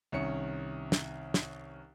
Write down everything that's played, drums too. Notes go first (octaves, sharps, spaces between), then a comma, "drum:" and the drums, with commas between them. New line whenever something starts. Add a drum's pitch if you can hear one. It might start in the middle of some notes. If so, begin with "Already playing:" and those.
C2 D#3 C#4 C#7
drum: snare
drum: snare